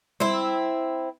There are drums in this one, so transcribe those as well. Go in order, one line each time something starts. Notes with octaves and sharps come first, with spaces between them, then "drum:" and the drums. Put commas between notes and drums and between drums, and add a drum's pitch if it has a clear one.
C4 E4, drum: tom G3